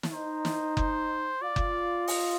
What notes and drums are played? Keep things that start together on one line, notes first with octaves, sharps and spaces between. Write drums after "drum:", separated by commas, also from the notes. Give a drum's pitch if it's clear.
drum: snare
D#4 C5
drum: snare
C5, drum: kick F#1
F4 D5
drum: kick F#1
D#5, drum: open hi-hat